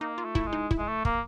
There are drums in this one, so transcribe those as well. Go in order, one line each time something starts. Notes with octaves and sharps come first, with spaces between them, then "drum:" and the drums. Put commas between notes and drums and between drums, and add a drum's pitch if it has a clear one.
A#3 D#4
F4
A3
E4, drum: kick
G#3
D#4
E4, drum: kick
G#3
A3
A#3, drum: kick